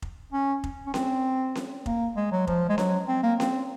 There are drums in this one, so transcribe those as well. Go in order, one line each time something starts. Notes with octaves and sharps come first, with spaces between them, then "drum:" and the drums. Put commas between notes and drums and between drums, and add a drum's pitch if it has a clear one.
drum: kick F1
C#4
drum: kick F1
C#4
C4, drum: snare C#4
drum: snare C#4
A#3, drum: kick F1
G#3
F#3
F3, drum: kick F1
G#3
F#3, drum: snare C#4
C4
A#3
C4, drum: snare C#4